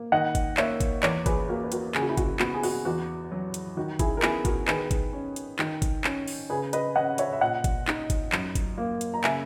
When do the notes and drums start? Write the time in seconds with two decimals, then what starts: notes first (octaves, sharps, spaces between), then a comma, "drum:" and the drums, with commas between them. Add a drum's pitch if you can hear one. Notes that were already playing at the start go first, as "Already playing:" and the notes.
Already playing: A#3
0.12 D#3 D#5 F#5
0.35 drum: kick G1, hi-hat
0.57 A#3 C#5 E5, drum: clap
0.80 drum: kick G1, hi-hat
1.03 E2 A#4 C#5, drum: clap
1.26 G#4 B4, drum: kick G1, hi-hat
1.49 A#3 F#4 A#4
1.64 B4
1.72 F#4 A#4, drum: hi-hat
1.95 C#3 G#4, drum: clap
2.02 F#4
2.09 E4 G#4
2.17 F#4, drum: kick G1, hi-hat
2.39 B3 F#4, drum: clap
2.54 G#4
2.63 F#4, drum: open hi-hat
2.85 E2 F#4
3.31 F#3
3.54 drum: hi-hat
3.77 D#3 F#4
3.99 E4 G#4, drum: kick G1, hi-hat
4.17 A#4
4.22 B3 E4 G#4, drum: clap
4.45 F#4 A#4, drum: kick G1, hi-hat
4.68 D#3 G#4 B4, drum: clap
4.91 drum: kick G1, hi-hat
5.13 C#4
5.36 drum: hi-hat
5.59 D#3, drum: clap
5.82 drum: kick G1, hi-hat
6.04 C#4, drum: clap
6.28 drum: open hi-hat
6.50 C#3 G#4 B4
6.73 B4 D#5, drum: hi-hat
6.96 C#4 D#5 F#5
7.18 C#5 E5, drum: hi-hat
7.33 E5
7.41 A#2 D#5 F#5
7.64 drum: kick G1, hi-hat
7.88 D#4, drum: clap
8.10 drum: kick G1, hi-hat
8.32 F#2, drum: clap
8.55 drum: kick G1, hi-hat
8.78 A#3
9.01 drum: hi-hat
9.14 A#5
9.24 C#3 E5 G#5, drum: clap